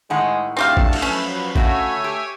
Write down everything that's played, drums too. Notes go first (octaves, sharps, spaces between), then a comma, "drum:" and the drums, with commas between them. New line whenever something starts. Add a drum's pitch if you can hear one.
A2 D#3 G#3 F#5
A3 C4 D4 F#4 G4 F5 A5
drum: kick A1
drum: cymbal
F3 F#3 C#4 B4
C#3 A3 F#4 C#5 E5 G#5, drum: kick A1
G4